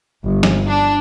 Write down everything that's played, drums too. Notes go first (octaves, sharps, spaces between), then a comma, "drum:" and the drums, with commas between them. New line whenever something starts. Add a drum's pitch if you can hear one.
G1
drum: snare
D4